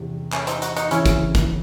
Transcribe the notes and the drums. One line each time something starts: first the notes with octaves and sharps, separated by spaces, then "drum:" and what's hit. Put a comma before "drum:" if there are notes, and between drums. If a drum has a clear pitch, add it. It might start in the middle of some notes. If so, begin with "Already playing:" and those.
Already playing: E2 C3 E3
A3 C#4, drum: clap
C4 D#4, drum: hi-hat
D#4 F#4, drum: hi-hat
D#4 F#4, drum: hi-hat
C#3 E3 C4 C#4 E4, drum: hi-hat
drum: kick, hi-hat
drum: kick, hi-hat